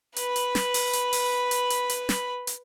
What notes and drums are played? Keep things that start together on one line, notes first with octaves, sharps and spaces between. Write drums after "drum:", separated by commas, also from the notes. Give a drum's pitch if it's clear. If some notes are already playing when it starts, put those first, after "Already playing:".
B4 B5, drum: hi-hat
drum: hi-hat
drum: snare
drum: open hi-hat
drum: hi-hat
drum: open hi-hat
drum: hi-hat
drum: hi-hat
drum: hi-hat
drum: snare
drum: hi-hat